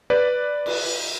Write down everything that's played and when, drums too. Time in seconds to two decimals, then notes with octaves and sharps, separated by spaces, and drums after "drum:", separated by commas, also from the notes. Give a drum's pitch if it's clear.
0.10 B4 D5
0.66 drum: cymbal